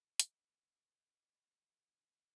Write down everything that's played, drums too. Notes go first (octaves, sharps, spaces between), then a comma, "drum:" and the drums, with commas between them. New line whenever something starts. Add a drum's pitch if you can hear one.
drum: hi-hat
D2 C3 D#3
C5 D#5
F5
D#5 G5
D#5 G5
D5 F5
D#5 G5
G5 A#5
D2 C3 F3 A#3 D4